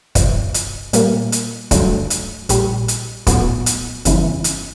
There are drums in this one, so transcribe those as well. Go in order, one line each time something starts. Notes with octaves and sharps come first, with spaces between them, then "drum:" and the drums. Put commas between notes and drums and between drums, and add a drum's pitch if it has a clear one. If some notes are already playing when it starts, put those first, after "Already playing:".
G1 F2 C3, drum: kick, hi-hat
drum: hi-hat
A#2 G3 A#3, drum: hi-hat
drum: hi-hat
G2 D3 F#3 A3, drum: kick, hi-hat
drum: hi-hat
A#1 A#2 G3, drum: hi-hat
drum: hi-hat
A#1 A2 F#3 B3, drum: kick, hi-hat
drum: hi-hat
G1 F2 C#3 E3, drum: hi-hat
drum: hi-hat